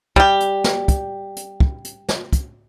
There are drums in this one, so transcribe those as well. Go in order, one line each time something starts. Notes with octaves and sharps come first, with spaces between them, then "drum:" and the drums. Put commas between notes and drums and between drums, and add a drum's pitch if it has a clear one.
G3 G4, drum: kick
drum: hi-hat
drum: snare
drum: kick, hi-hat
drum: hi-hat
drum: kick
drum: hi-hat
drum: snare
drum: kick, hi-hat